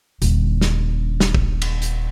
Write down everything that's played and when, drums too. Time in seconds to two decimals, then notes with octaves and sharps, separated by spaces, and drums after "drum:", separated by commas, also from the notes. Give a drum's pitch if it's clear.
0.22 D#1 D3, drum: hi-hat
0.61 drum: snare
1.20 drum: snare
1.34 drum: kick
1.62 drum: cymbal
1.82 drum: hi-hat